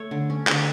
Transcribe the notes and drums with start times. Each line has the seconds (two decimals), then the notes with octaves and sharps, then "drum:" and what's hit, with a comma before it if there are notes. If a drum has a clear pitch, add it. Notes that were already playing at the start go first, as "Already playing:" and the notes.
Already playing: A3 C#5
0.11 D3
0.30 C#4
0.47 D3, drum: clap